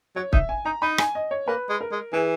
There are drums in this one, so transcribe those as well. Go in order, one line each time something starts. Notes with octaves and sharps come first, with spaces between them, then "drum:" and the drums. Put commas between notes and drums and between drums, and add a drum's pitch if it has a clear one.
F#3 C#5
D#4 E5, drum: kick
G#5
D#4 A#5
D#4 B5
G#5, drum: rim click
D#5
C#5
A#3 B4
G#3
A#4
G#3
E3 G#4